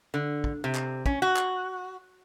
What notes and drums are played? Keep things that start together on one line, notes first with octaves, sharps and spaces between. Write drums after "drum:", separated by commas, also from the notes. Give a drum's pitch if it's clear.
D3
drum: kick
C3
drum: clap
C#4, drum: kick
F#4
drum: clap